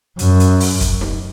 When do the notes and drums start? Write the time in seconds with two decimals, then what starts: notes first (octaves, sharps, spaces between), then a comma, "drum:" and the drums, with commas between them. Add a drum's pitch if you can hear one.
0.19 F#2, drum: hi-hat
0.40 drum: hi-hat
0.60 drum: open hi-hat
0.81 drum: kick, hi-hat
1.01 drum: snare D#4